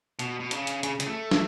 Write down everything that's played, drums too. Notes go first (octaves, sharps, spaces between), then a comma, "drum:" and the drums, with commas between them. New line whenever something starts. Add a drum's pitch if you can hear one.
B2, drum: hi-hat
B2
C#3, drum: hi-hat
drum: hi-hat
C#3, drum: hi-hat
C#3, drum: hi-hat
A3
drum: snare